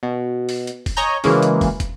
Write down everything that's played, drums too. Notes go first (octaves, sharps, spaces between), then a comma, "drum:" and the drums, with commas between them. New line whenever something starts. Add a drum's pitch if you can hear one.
B2
drum: open hi-hat
drum: hi-hat
drum: kick, open hi-hat
C#5 D#5 G#5 A#5 G6
C#3 E3 F#3 G#3 A#3 C#4, drum: open hi-hat
drum: hi-hat
drum: kick, open hi-hat
drum: kick, hi-hat